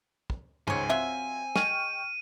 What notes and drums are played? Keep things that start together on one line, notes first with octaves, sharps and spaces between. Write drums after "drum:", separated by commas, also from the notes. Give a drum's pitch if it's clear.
drum: kick
C#2 G#2 C5 C#5 G#5, drum: tom G2
F#3 C4 F4 E5
G#3 G5 C#6 F6 D#7, drum: snare